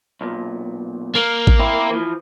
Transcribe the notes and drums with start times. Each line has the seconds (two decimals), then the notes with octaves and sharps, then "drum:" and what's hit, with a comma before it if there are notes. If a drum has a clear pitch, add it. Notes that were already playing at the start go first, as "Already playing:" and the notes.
0.21 B1 A#2
1.15 A#3
1.47 drum: kick A1
1.59 C4 E4
1.91 E3 F3